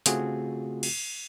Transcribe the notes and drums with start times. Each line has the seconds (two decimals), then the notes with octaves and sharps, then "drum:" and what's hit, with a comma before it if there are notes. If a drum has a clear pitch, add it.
0.06 C#3 A3 C4 F4 F#4 G#4, drum: hi-hat
0.83 drum: cymbal